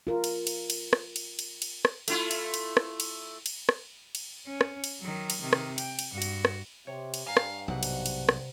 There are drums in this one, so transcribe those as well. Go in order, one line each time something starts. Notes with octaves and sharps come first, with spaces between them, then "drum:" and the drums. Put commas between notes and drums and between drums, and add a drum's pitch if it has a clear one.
F4 A#4
drum: cymbal
drum: cymbal
drum: cymbal
drum: rim click
drum: cymbal
drum: cymbal
drum: cymbal
drum: rim click
A3 E4 F4, drum: cymbal
drum: cymbal
drum: cymbal
drum: rim click
drum: cymbal
drum: cymbal
drum: rim click
drum: cymbal
C#4
drum: rim click
drum: cymbal
D#3 F#3
drum: cymbal
C3 D#3
drum: rim click
G5, drum: cymbal
drum: cymbal
G2 F#4
drum: cymbal
drum: rim click
C3 C#5
drum: cymbal
G2 F5 G#5 A#5
drum: rim click
B1 G#2 C3 F#5
drum: cymbal
drum: cymbal
drum: rim click